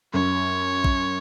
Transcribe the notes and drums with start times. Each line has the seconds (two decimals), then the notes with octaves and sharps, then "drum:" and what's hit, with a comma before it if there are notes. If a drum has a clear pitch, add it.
0.13 F#2 C#5
0.84 drum: kick A#1